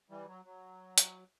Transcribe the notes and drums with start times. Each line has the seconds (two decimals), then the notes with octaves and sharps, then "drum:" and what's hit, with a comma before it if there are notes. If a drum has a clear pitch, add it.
0.10 E3 G3
0.28 F#3
0.45 F#3
0.98 drum: hi-hat